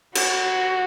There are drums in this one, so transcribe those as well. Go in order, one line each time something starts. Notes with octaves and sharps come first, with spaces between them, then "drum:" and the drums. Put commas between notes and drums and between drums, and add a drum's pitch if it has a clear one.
F#4, drum: cymbal